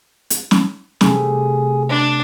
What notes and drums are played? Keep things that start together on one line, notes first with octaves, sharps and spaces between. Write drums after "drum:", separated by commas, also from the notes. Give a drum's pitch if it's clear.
drum: hi-hat
drum: snare
C3 G3 A3 G#4, drum: snare
D4